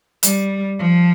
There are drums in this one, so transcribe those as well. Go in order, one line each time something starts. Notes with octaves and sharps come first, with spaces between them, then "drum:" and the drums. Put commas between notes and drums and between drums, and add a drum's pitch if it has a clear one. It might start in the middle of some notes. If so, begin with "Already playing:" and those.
G3, drum: hi-hat
F3